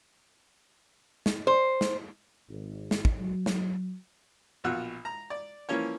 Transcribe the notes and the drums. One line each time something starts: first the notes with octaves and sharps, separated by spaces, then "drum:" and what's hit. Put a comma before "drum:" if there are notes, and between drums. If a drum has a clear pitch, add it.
drum: snare
C5
drum: snare
G#1
drum: snare
drum: kick
F#3
drum: snare
A#1 B2 F4 F#4 E6 F#6
A#5
D5
E3 F3 A#3 C#4 C#5